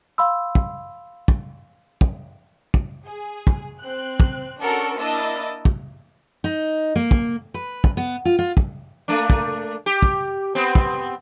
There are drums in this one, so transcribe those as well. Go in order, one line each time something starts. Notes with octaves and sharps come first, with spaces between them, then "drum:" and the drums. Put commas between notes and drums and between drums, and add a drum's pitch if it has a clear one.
F5 B5 C6 E6
drum: kick
drum: kick
drum: kick
drum: kick
G#4
drum: kick
C4 F#6
drum: kick
C#4 D4 F#4 A4 A#4
A#3 D4 E4 D#5 E6 A6
drum: kick
D#4
A#3
drum: kick
B4
drum: kick
B3
F4
F4
drum: kick
A3 A#3 D4
drum: kick
G4
drum: kick
B3 C4
drum: kick